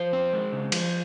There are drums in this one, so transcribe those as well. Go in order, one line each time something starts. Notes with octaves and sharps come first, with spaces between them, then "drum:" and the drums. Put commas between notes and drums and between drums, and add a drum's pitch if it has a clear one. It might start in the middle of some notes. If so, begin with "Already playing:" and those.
Already playing: F3 C5
C4
G#3
C#3
F3, drum: cymbal